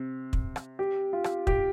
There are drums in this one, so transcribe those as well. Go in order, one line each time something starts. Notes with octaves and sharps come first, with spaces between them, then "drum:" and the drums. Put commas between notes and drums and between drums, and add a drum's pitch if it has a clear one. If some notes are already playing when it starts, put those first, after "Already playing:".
Already playing: C3
drum: kick
drum: rim click
G4
F4
drum: rim click
G4, drum: kick